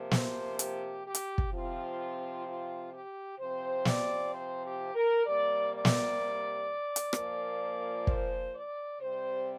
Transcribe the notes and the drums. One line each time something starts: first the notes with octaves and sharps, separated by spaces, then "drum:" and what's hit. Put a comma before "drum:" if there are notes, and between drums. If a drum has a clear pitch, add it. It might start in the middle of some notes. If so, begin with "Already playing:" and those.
Already playing: C3 F3 A#3
C5, drum: snare
G4, drum: hi-hat
G4
drum: hi-hat
drum: kick
C3 F3 C4 F4
F4
G4
C3 F3 C4 C5
D5, drum: snare
C5
G4
A#4
C3 G3 A#3 D5
D5
drum: snare
drum: hi-hat
A#2 F3 A#3, drum: rim click
C5, drum: kick
D5
C3 G3 C4 C5